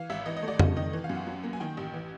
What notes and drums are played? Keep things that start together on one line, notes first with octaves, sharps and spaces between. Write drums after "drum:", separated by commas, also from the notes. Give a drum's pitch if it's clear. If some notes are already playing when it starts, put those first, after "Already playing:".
Already playing: E3 F5
G#1 E5
E3 D#5
D#5
A3
D5
C3 D#5, drum: tom
D#3 D#5
E3
F5
F#2
F#5
F#3
A#3
G#5
D#3 G5
A1
E3